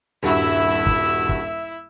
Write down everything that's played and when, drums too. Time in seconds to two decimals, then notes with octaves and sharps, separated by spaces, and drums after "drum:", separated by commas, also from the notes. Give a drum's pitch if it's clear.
0.23 D#1 G2 E4 F#4 E5
0.87 drum: kick
1.29 drum: kick